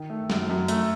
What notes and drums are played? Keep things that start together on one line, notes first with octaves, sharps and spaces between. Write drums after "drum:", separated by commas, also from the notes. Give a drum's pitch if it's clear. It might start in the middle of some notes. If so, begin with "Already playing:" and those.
Already playing: D#3
A3
F#2, drum: snare G#3
F#2
A3, drum: hi-hat